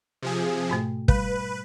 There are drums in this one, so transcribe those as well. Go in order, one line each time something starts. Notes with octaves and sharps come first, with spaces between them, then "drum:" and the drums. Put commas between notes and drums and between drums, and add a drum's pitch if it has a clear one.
C3 F3 G#4
G#2 B2 A3
G3 B4, drum: kick